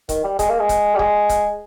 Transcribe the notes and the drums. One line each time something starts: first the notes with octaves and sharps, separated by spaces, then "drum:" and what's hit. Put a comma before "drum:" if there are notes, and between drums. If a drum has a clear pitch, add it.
D#3, drum: kick C#1, hi-hat
G3
G#3, drum: kick C#1, hi-hat
A#3
G#3
drum: kick C#1, hi-hat
G3
G#3, drum: kick C#1
drum: kick C#1, hi-hat